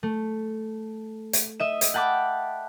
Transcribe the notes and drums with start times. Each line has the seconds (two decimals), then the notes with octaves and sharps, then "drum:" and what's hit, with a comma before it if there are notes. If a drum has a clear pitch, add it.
0.03 A3
1.33 drum: hi-hat
1.60 D#5 E5 E7
1.81 drum: hi-hat
1.94 F#5 G5 A5 B5 D6